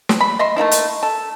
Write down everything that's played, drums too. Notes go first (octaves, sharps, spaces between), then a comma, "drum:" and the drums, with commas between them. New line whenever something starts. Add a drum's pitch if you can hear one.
drum: snare
B5
D#5 E5 C6
A3 A#3 D#4 E4
drum: hi-hat
A4